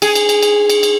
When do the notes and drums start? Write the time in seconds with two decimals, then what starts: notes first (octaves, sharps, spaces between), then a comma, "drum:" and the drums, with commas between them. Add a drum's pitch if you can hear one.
0.02 G#4, drum: cymbal
0.15 drum: cymbal
0.29 drum: cymbal
0.42 drum: cymbal
0.70 drum: cymbal
0.83 drum: cymbal